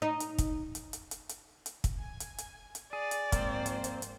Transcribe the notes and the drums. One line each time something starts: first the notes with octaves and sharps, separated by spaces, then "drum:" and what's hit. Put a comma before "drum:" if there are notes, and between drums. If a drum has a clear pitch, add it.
D#4
drum: hi-hat
drum: kick, hi-hat
drum: hi-hat
drum: hi-hat
drum: hi-hat
drum: hi-hat
drum: hi-hat
drum: kick, hi-hat
G#5
drum: hi-hat
drum: hi-hat
drum: hi-hat
G#4 D5
drum: hi-hat
G#2 F3 A#3 C4 C5, drum: kick, hi-hat
drum: hi-hat
drum: hi-hat
drum: hi-hat